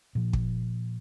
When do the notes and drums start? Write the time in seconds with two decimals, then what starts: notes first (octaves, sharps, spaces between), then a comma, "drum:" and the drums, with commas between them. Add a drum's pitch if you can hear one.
0.15 A#2 F3
0.33 drum: kick